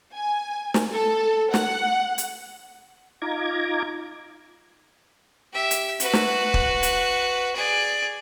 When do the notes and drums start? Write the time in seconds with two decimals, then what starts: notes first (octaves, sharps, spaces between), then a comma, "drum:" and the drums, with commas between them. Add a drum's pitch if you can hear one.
0.15 G#5
0.74 drum: snare
0.92 A4
1.54 F#5, drum: snare
2.18 drum: hi-hat
3.22 D#4 F4 A#5 D6 G#6
5.53 G4 E5
5.71 drum: hi-hat
6.00 F#4 B4, drum: hi-hat
6.13 drum: snare
6.54 drum: kick
6.83 drum: hi-hat
7.56 G#4 D5